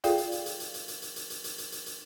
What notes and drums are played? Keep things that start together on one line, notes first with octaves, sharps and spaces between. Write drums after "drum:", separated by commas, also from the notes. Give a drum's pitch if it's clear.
F4 G#4 A4 D5 F5 G5, drum: hi-hat
drum: hi-hat
drum: hi-hat
drum: hi-hat
drum: hi-hat
drum: hi-hat
drum: hi-hat
drum: hi-hat
drum: hi-hat
drum: hi-hat
drum: hi-hat
drum: hi-hat
drum: hi-hat
drum: hi-hat